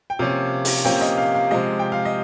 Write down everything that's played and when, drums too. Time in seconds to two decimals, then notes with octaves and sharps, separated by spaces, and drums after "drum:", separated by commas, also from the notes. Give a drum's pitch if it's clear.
0.10 G5
0.19 C3 F3 A#3 C#4 F5
0.65 drum: open hi-hat
0.85 C3 F3 A#3 C#4 G5
1.01 D#5
1.18 F5
1.35 F5
1.51 C3 F3 G#3 D#5
1.79 G5
1.92 F5
2.05 D#5